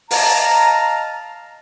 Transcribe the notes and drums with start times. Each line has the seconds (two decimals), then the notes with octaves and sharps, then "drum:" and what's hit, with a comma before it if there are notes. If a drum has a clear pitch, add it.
0.11 D#5 F5 A5 A#5, drum: open hi-hat